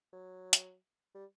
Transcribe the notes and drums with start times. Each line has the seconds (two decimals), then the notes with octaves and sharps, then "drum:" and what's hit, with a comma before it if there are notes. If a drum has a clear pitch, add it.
0.13 F#3
0.53 drum: hi-hat
1.15 G3